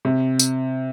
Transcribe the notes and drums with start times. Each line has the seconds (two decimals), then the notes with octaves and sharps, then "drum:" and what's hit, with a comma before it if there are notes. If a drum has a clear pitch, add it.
0.05 C3
0.39 drum: tambourine